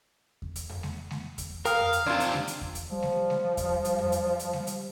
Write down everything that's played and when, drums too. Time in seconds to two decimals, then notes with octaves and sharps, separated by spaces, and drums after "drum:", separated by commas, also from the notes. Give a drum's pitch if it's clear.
0.42 drum: kick E2
0.56 drum: hi-hat
0.69 drum: tom F2
0.83 drum: snare G#3
1.11 drum: snare G#3
1.38 drum: kick E2, hi-hat
1.65 A#4 F5 G5 D#6 F6, drum: hi-hat
1.79 drum: tom F2
1.93 drum: hi-hat
2.07 F2 C3 D4 F4 C6 E6 G#6
2.20 drum: hi-hat
2.34 drum: snare G#3
2.48 drum: hi-hat
2.61 drum: kick E2
2.75 drum: hi-hat
2.91 F3 G3
3.02 drum: snare G#3
3.30 drum: snare G#3
3.57 drum: kick E2, hi-hat
3.85 drum: hi-hat
3.98 drum: tom F2
4.12 drum: hi-hat
4.40 drum: hi-hat
4.53 drum: snare G#3
4.67 drum: hi-hat